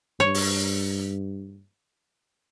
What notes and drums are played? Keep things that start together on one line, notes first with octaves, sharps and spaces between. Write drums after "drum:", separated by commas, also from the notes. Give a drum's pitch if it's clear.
G2 C#5
drum: open hi-hat